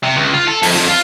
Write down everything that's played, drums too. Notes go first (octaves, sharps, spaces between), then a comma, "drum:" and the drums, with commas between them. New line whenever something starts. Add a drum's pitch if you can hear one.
C3
C#2
F4
A4
F2, drum: open hi-hat
F2
F4